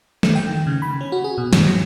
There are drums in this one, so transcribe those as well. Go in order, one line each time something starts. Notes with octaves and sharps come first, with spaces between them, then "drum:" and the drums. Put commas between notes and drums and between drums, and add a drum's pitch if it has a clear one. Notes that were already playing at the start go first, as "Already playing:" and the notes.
A3, drum: snare
G5
D#3
C#3
B5
C#4
F#4
G#4
B2
G#2, drum: snare
F#3